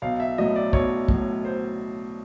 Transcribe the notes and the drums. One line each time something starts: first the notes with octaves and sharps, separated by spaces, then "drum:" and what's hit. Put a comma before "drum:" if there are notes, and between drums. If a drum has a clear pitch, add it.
B1 F5
E5
A2 F#3 D#5
D5
B1 C#5, drum: kick
A2 F#3, drum: kick
C5